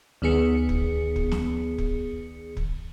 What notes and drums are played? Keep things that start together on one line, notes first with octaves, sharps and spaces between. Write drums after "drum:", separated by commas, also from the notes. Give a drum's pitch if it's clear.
D2 D#3 B3 G#4 C#7
drum: kick
drum: kick
drum: snare
drum: kick
drum: kick